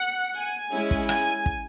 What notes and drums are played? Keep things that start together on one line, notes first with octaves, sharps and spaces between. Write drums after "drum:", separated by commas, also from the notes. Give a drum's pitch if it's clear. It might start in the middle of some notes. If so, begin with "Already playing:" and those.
Already playing: F#5
G#5
G#3 C#4 E4
drum: kick
G#5, drum: rim click
drum: kick